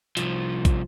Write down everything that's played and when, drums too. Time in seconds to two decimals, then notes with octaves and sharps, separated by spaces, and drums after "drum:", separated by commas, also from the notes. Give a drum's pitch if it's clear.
0.17 C2 F3, drum: hi-hat
0.65 drum: kick, hi-hat